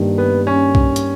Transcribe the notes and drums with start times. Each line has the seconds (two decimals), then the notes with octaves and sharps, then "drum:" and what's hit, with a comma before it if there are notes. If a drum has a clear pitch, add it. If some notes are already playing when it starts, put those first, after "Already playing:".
Already playing: G2 D#3 G3 A#3
0.18 B3
0.47 C#4
0.75 drum: kick B1
0.96 drum: hi-hat